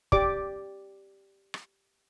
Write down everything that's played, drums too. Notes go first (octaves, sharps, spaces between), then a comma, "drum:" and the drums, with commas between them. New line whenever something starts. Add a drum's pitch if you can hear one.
G4 D5 D6, drum: kick
drum: rim click